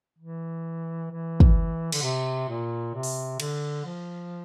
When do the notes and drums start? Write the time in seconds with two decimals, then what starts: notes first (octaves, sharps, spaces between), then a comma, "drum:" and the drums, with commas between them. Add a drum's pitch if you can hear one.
0.18 E3
1.11 E3
1.40 drum: kick
1.92 D3, drum: cymbal
2.02 C3
2.49 A#2
2.94 C3
3.03 drum: open hi-hat
3.40 D3, drum: cymbal
3.85 F3